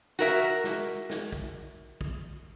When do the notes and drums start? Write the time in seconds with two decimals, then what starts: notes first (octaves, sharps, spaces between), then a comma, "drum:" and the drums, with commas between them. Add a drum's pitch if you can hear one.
0.19 F#4 A#4 E5
0.64 drum: snare
1.10 drum: snare
1.32 drum: kick
2.01 drum: kick